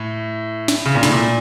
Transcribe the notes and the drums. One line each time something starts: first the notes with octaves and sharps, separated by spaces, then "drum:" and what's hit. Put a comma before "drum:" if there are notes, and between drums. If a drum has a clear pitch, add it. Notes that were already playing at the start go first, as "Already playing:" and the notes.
Already playing: A2
drum: snare
C#3
A#2
A2, drum: snare
A#2